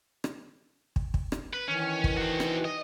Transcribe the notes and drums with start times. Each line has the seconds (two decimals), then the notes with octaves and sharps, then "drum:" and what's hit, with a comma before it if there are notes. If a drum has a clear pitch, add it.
0.24 drum: rim click
0.96 drum: kick
1.14 drum: kick
1.32 drum: rim click
1.53 B4
1.68 D#3 E3 C#4
2.04 drum: kick
2.17 F#4 C5
2.40 drum: rim click
2.65 D#5